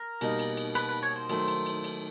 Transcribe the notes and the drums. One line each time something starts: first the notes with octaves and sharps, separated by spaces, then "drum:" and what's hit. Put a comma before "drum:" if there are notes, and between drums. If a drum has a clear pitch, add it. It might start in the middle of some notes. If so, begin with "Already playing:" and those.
Already playing: A#4
B2 G3 A#3 D#4, drum: cymbal
drum: cymbal
drum: cymbal
B4, drum: cymbal
B4
C#5
C5
D#3 F#3 A3, drum: cymbal
drum: cymbal
drum: cymbal
drum: cymbal